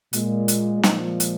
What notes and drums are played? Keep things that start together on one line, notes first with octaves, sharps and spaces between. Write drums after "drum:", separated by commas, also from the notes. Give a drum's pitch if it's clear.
A#2 G#3, drum: hi-hat
drum: hi-hat
A#2 F3 G#3 D#4, drum: snare
drum: hi-hat